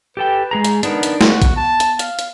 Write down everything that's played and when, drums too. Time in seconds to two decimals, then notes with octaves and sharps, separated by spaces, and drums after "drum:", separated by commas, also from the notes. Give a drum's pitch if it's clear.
0.17 G4 A4 B4 G5
0.51 G#3 G#4 A#5
0.65 drum: hi-hat
0.83 B3 D4 D#4 A#4, drum: hi-hat
1.03 drum: hi-hat
1.21 B3 F#4, drum: snare
1.42 drum: kick A#1, hi-hat
1.56 A5
1.80 drum: hi-hat
1.99 F5, drum: hi-hat
2.19 drum: hi-hat